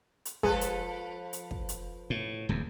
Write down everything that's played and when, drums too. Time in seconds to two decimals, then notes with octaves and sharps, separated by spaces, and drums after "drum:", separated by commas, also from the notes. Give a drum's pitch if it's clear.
0.25 drum: hi-hat
0.43 F3 G#3 A4 B4, drum: kick
0.61 drum: hi-hat
1.33 drum: hi-hat
1.51 drum: kick
1.69 drum: hi-hat
2.10 A2
2.49 D1 E2